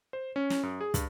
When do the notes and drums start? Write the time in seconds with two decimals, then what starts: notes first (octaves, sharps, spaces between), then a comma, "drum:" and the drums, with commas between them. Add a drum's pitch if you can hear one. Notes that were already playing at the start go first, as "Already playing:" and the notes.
0.13 C5
0.36 C#4
0.50 drum: snare
0.63 F#2
0.81 G#4
0.94 G2, drum: kick, hi-hat